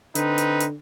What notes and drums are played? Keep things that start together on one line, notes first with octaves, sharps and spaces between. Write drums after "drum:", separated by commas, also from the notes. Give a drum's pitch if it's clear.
D3 C4 D#4 B4, drum: hi-hat
drum: hi-hat
drum: hi-hat